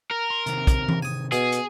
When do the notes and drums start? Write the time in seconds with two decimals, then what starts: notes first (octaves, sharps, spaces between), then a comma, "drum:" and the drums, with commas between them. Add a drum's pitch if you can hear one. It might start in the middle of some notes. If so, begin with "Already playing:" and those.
0.11 A#4
0.30 C6
0.46 C3 D#3 C4, drum: hi-hat
0.67 drum: kick, hi-hat
0.88 drum: tom E3
1.03 G#5 D#6
1.32 B2 G#4, drum: hi-hat
1.52 drum: hi-hat